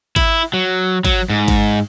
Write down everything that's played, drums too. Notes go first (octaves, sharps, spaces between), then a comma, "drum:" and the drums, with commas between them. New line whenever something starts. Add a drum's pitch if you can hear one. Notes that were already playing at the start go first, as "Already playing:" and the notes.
E4, drum: kick G#1, cymbal
F#3
F#3, drum: kick G#1, cymbal
G#2
drum: kick G#1, cymbal